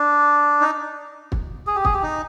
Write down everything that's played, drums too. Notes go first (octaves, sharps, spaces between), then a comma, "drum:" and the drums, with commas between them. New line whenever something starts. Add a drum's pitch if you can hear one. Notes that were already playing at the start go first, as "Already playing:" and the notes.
Already playing: D4
D#4
drum: kick
G#4
G4
G#4, drum: kick
G4
D#4